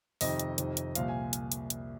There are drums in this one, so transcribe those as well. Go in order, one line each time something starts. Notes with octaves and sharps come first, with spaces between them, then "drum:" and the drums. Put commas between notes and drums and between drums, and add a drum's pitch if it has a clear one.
F2 C3 D#3 D#5, drum: open hi-hat
drum: hi-hat
F2 C3 D#3, drum: hi-hat
drum: hi-hat
C2 A#2 F3 F5, drum: hi-hat
G#5
drum: hi-hat
drum: hi-hat
drum: hi-hat